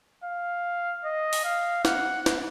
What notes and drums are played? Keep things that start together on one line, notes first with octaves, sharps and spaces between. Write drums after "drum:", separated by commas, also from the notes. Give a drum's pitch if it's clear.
F5
D#5
drum: open hi-hat
F5
F#5, drum: snare
drum: snare